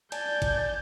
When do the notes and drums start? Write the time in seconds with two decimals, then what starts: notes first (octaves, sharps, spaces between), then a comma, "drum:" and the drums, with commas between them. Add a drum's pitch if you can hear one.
0.12 D5 G#5 A5 G6, drum: cymbal
0.42 drum: kick G#1, cymbal